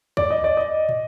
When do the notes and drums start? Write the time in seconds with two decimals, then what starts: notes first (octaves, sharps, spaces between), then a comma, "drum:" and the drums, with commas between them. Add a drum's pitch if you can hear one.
0.17 D5, drum: kick
0.30 D#5
0.44 D5
0.57 D#5
0.89 drum: tom